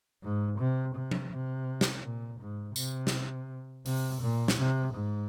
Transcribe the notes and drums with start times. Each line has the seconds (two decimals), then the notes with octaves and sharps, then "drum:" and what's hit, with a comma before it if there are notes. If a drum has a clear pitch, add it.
0.23 G#2
0.59 C3
0.95 C3
1.11 drum: tom F3
1.32 C3
1.81 drum: snare
2.04 A#2
2.40 G#2
2.76 C3, drum: tambourine
3.07 drum: snare
3.86 C3, drum: open hi-hat
4.22 A#2
4.48 drum: snare
4.58 C3
4.94 G#2